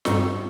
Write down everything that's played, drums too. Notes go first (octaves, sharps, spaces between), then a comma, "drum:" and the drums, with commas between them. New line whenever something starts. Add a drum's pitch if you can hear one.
G2 G3 C4 D#4 C#6, drum: snare